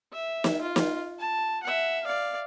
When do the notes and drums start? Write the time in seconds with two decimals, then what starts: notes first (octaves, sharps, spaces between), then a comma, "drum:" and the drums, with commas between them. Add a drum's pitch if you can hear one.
0.12 E5
0.44 drum: snare
0.61 F4
0.76 drum: snare
1.19 A5
1.63 E5 F#5
2.04 D5 F5